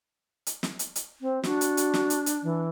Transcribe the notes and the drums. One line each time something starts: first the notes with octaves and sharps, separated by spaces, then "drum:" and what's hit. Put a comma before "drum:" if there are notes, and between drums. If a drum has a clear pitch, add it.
drum: hi-hat
drum: snare
drum: hi-hat
drum: hi-hat
C4
D4 F#4, drum: snare
drum: hi-hat
drum: hi-hat
drum: snare
drum: hi-hat
drum: hi-hat
E3